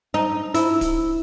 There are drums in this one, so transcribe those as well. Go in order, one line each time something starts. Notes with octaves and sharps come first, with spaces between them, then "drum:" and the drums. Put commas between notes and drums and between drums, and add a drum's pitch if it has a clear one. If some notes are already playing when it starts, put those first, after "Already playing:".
D#4
E4, drum: hi-hat
drum: kick D1, hi-hat